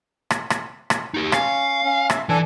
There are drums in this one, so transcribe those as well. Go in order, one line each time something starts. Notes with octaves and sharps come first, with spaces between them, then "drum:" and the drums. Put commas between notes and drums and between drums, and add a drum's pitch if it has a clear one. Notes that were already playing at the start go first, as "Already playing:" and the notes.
drum: rim click
drum: rim click
drum: rim click
D#4 G4
C#4 F5 C#6, drum: rim click
C#4
E5, drum: rim click
E3 D4 A4 G#5